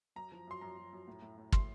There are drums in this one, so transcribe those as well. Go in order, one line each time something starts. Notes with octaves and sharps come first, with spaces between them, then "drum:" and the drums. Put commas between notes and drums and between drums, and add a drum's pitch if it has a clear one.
F#2 A#5
F3
F#2 C6
F#2 A#5
F#2
F#2
A2
A2
A2
A3 C6, drum: kick